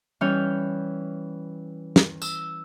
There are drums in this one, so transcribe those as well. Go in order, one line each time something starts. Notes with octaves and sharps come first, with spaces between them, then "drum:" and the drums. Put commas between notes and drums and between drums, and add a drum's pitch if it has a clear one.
E3 G3 C#4 C#5 F6 G6
drum: snare
E6, drum: tambourine